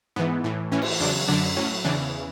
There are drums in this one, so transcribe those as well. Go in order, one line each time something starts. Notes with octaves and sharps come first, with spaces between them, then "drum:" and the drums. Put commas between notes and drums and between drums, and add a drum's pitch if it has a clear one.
G#2 E3 B3
A2 E3
A2 E3 C#4
drum: cymbal
E2 C#3 F#3 D4
F#2 D3 F#3 D4
A2 F#3 C#4
E2 C#3 E3 D4